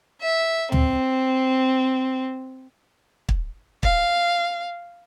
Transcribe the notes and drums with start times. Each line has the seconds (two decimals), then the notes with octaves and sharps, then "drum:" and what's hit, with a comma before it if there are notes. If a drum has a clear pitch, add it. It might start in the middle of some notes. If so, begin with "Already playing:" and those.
0.21 E5
0.72 C4, drum: tom
3.29 drum: kick
3.83 F5, drum: kick